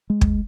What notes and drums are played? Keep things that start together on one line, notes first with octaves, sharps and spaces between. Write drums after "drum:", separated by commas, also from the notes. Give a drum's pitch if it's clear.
G#3
drum: kick